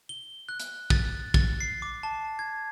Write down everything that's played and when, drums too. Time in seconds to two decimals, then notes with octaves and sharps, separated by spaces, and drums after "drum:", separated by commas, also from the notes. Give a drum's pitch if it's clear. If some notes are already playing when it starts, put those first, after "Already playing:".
0.09 G7
0.49 F#6
0.60 drum: hi-hat
0.90 A6, drum: kick
1.34 A6, drum: kick
1.61 C7
1.82 D6
2.03 A5
2.39 G#6